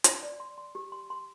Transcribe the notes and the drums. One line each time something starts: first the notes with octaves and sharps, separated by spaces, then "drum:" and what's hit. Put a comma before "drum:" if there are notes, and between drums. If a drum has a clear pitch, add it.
C6, drum: hi-hat
D5
C6
C6
G4
C6
C6